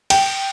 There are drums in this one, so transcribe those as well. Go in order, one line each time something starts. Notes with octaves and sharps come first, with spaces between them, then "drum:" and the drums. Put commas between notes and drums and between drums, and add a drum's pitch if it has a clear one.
G5, drum: cymbal